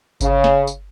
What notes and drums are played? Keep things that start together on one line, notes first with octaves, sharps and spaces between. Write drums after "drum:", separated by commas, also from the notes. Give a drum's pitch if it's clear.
C#3, drum: kick G1, tambourine
drum: snare
drum: tambourine